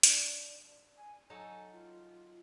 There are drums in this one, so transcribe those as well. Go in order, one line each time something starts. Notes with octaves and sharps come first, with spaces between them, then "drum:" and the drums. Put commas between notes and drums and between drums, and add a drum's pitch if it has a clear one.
D4, drum: hi-hat
G#5
F#3 D#4 A4 G#5
F4